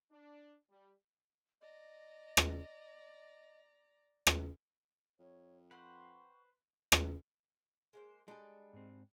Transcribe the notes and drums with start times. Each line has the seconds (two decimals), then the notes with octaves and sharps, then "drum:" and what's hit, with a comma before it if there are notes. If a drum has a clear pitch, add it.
0.12 D4
0.70 G3
1.61 D5 D#5 A#5
2.37 drum: rim click
4.27 drum: rim click
5.19 F2 C#5
5.71 C4 B4 C5 F#5 C6 C#6
6.92 drum: rim click
7.93 G#3 A#3 C5
8.28 G3 G#3 D4 G#4 A4
8.73 G#2 C4